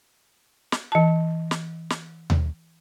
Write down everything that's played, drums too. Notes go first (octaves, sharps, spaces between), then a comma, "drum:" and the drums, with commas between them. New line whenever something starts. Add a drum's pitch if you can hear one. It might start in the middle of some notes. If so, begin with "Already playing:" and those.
drum: snare
E3 A5
drum: snare
drum: snare
drum: tom D#2